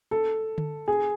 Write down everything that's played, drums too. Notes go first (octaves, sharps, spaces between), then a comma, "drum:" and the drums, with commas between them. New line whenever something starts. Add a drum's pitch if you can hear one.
A4
drum: tom D3
G#4